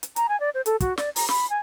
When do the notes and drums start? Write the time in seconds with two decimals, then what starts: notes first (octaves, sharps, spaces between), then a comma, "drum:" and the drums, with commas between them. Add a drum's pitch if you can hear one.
0.03 drum: hi-hat
0.16 A#5, drum: hi-hat
0.29 G#5
0.40 D5
0.54 C5
0.66 A4, drum: hi-hat
0.80 F#4, drum: kick, hi-hat
0.98 D5, drum: snare
1.16 A#5, drum: open hi-hat
1.29 B5, drum: snare
1.50 G#5